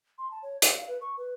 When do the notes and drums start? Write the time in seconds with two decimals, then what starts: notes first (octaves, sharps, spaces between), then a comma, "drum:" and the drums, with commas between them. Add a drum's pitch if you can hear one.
0.18 C6
0.31 A5
0.43 C#5
0.62 F5, drum: hi-hat
0.76 F5
0.88 B4
1.01 C#6
1.17 B4